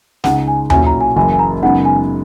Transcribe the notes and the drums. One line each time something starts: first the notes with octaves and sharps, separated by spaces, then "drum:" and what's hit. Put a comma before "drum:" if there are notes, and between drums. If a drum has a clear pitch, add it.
C#2 C#3 G#3 D#4 F#5, drum: snare
G#5
B1 A#2 F#3 C#4 E4 G#5, drum: tom D#2
A#5
G#5
F#1 F#2 E3 A#3 G#5
G#5
A#5
F#2 C#3 G#3 B3 D#4 F#5
G#5